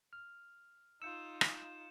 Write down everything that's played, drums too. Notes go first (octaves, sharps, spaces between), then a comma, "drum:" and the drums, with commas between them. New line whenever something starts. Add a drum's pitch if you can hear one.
F6
D#4 F4 E6 G6 C#7 E7
drum: rim click